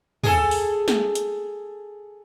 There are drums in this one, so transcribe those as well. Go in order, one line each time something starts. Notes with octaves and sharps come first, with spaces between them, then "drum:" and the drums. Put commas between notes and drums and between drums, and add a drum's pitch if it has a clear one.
G#4 A4, drum: tom
drum: open hi-hat
drum: snare
drum: hi-hat